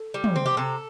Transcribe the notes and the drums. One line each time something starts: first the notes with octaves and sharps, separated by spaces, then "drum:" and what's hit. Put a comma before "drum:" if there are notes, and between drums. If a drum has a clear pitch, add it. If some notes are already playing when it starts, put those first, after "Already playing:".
Already playing: A4
G3
drum: tom
C4
G4
C3 A4